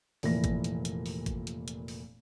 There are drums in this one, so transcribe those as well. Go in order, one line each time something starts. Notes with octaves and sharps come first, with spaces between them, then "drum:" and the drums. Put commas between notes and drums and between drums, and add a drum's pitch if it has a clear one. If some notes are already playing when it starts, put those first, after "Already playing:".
F1 A#2 E3 A#6, drum: open hi-hat
drum: kick, hi-hat
drum: hi-hat
drum: hi-hat
drum: open hi-hat
drum: kick, hi-hat
drum: hi-hat
drum: hi-hat
drum: open hi-hat